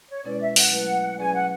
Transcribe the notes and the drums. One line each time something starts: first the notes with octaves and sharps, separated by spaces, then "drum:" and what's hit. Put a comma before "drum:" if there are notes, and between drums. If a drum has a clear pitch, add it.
C#5
B2 G#3 C#4 E4 B4 D5
E5
F#5, drum: open hi-hat
F#3 A3 E4 B4
F#3 C#4 G#4 B4 D5 G#5
F#5